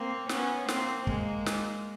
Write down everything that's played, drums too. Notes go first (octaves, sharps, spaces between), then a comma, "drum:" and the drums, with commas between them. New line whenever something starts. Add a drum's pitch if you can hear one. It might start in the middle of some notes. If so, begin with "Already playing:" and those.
Already playing: A#3 C4
B3 C#4, drum: snare
A#3 C4, drum: snare
G#3 A#3, drum: kick
drum: snare